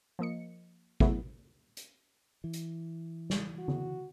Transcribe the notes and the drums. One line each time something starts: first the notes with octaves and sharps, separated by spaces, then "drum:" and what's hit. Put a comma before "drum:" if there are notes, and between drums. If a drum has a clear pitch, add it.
F3 A#3 D#5 C#7
F#3 A3 B3 E4 F#4 G#4, drum: kick
drum: hi-hat
E3
drum: hi-hat
drum: snare
F#4
drum: tom D3